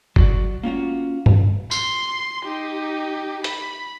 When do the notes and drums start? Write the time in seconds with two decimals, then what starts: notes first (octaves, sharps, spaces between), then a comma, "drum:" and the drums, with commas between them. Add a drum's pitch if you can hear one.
0.16 F#3 F#4 D5, drum: kick G1
0.63 A#3 C#4 F4 F#4
1.26 drum: tom G2
1.71 C6, drum: tambourine
2.44 D#4 G4
3.44 B5, drum: hi-hat